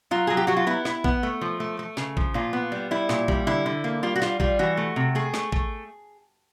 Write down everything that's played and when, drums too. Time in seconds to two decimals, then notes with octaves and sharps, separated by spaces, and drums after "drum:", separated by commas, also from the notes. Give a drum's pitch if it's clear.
0.11 F#3 F4
0.27 F#3 G#4
0.37 G4
0.47 F#3 F#4
0.57 F4
0.67 B3 E4
0.85 E4, drum: snare
1.04 B3, drum: kick A1
1.23 A3
1.41 F3
1.60 A3
1.79 A3
1.97 C#3, drum: snare
2.17 F3, drum: kick A1
2.34 A#2 F4
2.53 B3
2.72 G3
2.91 G3 E4
3.09 A#2, drum: snare
3.28 G3, drum: kick A1
3.47 D3 E4
3.66 D3
3.84 A#3
4.03 G3 F4
4.16 F#4
4.22 G3 F4, drum: snare
4.40 G3 F4, drum: kick A1
4.59 E3 F#4
4.77 A3
4.96 C3
5.15 A3 G#4
5.34 A3, drum: snare
5.52 A3, drum: kick A1